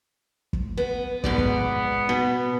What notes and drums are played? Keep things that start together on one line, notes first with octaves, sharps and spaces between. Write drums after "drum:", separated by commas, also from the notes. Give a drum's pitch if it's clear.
drum: kick
B3
G#2 B2 B3 D5, drum: kick
drum: kick
B2